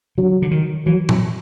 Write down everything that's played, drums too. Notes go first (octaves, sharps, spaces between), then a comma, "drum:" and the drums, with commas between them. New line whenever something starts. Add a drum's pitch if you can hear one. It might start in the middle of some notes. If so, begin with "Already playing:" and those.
D3 F#3
D3
D#3
E3 F#3
F#3, drum: tom A#2